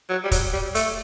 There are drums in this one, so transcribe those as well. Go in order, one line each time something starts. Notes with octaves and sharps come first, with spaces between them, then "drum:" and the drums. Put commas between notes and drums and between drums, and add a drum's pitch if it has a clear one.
F#3
G3
F#3, drum: kick, hi-hat
G3
A3, drum: hi-hat